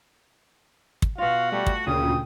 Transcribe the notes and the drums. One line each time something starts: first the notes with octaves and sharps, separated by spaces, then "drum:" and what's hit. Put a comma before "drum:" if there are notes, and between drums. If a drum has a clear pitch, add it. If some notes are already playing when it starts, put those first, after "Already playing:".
drum: kick
B2 F4 F#4 F5
G3 A3
drum: kick
D2 A#2 C#3 G5 D#6